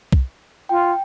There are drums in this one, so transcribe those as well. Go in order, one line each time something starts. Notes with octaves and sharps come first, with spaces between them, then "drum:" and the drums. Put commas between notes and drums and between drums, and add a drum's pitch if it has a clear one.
drum: kick
F4 G5